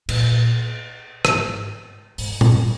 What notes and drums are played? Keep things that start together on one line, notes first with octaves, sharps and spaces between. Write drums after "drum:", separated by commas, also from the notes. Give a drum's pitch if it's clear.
A#2, drum: cymbal
G#2, drum: rim click
G#2, drum: open hi-hat
F#2, drum: tom